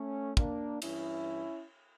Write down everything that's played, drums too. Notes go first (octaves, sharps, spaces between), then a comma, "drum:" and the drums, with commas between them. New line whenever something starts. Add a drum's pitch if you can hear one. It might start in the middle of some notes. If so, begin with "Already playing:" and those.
Already playing: A3 C#4
A#3 D4, drum: kick
G2 E3 C#4 E4, drum: cymbal